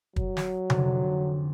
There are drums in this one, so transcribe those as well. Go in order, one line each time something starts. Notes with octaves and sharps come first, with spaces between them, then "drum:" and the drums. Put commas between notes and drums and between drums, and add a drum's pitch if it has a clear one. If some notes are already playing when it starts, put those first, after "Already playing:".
F#3, drum: kick
drum: snare
F1 D3, drum: tom C3